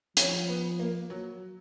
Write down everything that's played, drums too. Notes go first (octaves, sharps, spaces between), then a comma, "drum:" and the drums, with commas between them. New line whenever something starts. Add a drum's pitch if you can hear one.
F3 C#4, drum: hi-hat
B3
A#3
F#3